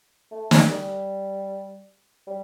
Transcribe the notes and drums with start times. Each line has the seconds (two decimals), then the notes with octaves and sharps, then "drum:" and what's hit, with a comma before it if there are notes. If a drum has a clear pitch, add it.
0.31 A3
0.51 G3, drum: snare
0.71 G3
2.27 G3